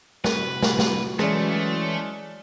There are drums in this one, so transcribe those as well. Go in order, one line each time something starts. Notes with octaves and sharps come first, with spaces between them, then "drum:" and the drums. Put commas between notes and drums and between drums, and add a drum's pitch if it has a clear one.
C3 F#4 B4, drum: snare
drum: snare
drum: snare
E3 F#3 G#3 A3 C#4 D5, drum: rim click